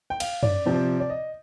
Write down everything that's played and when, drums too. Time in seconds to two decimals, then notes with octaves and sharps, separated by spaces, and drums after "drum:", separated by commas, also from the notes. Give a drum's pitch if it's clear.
0.10 G5
0.20 F5, drum: cymbal
0.43 D5, drum: tom F#2
0.66 C3 F3 C4
1.00 D5
1.10 D#5